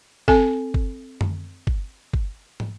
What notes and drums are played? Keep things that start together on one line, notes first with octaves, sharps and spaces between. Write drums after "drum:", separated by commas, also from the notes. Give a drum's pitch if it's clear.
C4 A4 G#5, drum: kick G1
drum: kick G1
drum: tom F#2
drum: kick G1
drum: kick G1
drum: tom